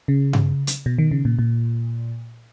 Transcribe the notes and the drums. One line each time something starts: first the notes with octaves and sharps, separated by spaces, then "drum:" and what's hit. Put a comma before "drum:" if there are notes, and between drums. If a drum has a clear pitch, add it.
C#3
drum: tom G2
drum: hi-hat
B2
D#3
C#3
A#2
A#2